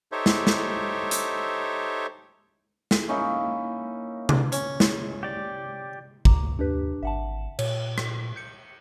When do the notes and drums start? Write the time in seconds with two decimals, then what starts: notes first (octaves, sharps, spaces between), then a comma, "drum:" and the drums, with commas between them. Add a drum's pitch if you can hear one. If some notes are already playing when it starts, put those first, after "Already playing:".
0.12 D#4 G4 A4 C5 C#5 E5
0.26 drum: snare
0.47 drum: snare
1.11 drum: hi-hat
2.91 drum: snare
3.08 A#3 C#4 D#4 E4
4.29 drum: tom C3
4.52 C#4, drum: hi-hat
4.80 drum: snare
5.23 G4 D5
6.25 C#2 A#5 D6, drum: kick
6.59 D#2 D4 G4 B4
7.03 G#1 E5 F#5 A5
7.59 A#2 C#5, drum: cymbal
7.98 drum: rim click
8.36 G6 C#7